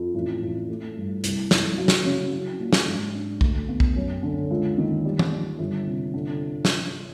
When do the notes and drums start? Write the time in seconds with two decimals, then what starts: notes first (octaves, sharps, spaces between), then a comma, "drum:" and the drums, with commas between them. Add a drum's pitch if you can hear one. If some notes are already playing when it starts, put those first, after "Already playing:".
Already playing: F2
0.14 A1
0.42 A1
0.69 A3
0.96 G2
1.24 C2, drum: hi-hat
1.51 C2, drum: snare
1.78 F#3
1.88 drum: snare
2.05 C#3
2.32 F#3
2.59 A#2
2.73 drum: snare
2.87 G#2
3.15 D4
3.41 D2, drum: kick
3.68 B3
3.80 drum: kick
3.96 F#2
4.23 D3
4.50 C#2
4.78 D#3
5.05 G3
5.19 drum: tom
5.32 G3
5.59 G1
5.87 C3
6.14 D3
6.65 drum: snare